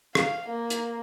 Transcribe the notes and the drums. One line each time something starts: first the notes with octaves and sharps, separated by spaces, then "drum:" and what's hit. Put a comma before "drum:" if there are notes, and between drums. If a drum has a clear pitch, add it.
F5, drum: rim click
A#3
drum: hi-hat